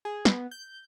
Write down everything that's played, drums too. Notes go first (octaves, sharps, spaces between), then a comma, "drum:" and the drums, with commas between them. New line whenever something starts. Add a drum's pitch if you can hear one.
G#4
B3, drum: snare
G6